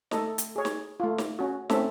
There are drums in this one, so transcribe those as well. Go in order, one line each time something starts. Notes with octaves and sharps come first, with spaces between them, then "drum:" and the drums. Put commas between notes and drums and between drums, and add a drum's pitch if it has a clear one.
A3 A4 D#5, drum: snare
drum: hi-hat
G#4 C#5
drum: snare
A3 F4
drum: snare
C#4 F#4
A3 C4 C#4 A4 E5, drum: snare